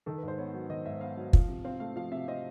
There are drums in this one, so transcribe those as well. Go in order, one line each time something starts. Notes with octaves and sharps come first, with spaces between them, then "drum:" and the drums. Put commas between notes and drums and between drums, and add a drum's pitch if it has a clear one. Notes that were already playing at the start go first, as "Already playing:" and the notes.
D#3 A4
B4
G#2
C5
B3 C#5
F#3
D#3 D#5
G#2 E5
B3 F5
F#3
F3, drum: kick
C3
C4 F5
A3 F5
F3 F5
C3 E5
C4 D#5